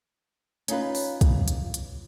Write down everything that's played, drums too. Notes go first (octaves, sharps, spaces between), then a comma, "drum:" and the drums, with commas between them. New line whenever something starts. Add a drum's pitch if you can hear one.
C#4 D#4 F4 B4, drum: hi-hat
drum: open hi-hat
drum: kick, hi-hat
drum: hi-hat
drum: hi-hat